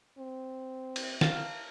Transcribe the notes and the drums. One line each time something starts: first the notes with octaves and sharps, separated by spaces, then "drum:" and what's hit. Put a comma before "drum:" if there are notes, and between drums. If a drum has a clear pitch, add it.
C4
drum: cymbal
F5 A5 A#5, drum: snare